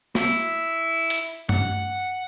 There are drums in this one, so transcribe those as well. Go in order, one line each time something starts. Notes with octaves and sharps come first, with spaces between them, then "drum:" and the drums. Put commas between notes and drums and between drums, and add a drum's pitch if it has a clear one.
E4, drum: snare
drum: hi-hat
F#5, drum: tom G2